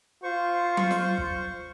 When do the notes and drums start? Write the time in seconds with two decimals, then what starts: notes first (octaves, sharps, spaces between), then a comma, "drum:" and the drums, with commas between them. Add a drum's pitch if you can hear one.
0.23 F4 C5 C#6
0.77 drum: tom F#3
0.91 drum: snare
1.18 drum: kick